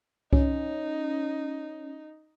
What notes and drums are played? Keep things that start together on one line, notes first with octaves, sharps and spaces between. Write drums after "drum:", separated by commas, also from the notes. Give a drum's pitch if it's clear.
C#4 D#4, drum: kick C2